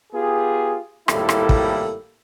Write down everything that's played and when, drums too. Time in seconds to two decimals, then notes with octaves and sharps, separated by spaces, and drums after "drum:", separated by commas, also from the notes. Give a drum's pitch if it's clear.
0.13 B3 F4 G4 G#4
1.08 G#1 A2 G3 A#3 E4 A4, drum: rim click
1.29 drum: rim click
1.49 drum: kick